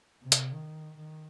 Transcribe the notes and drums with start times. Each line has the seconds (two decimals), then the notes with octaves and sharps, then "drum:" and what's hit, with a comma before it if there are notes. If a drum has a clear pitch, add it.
0.22 C3
0.32 drum: hi-hat
0.53 D#3
0.98 D#3